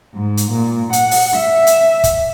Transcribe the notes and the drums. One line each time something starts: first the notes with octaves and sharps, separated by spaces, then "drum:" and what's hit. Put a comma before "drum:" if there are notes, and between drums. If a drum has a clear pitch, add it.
G#2
drum: hi-hat
A#2
F#5, drum: hi-hat
drum: open hi-hat
E5
drum: hi-hat
drum: kick, hi-hat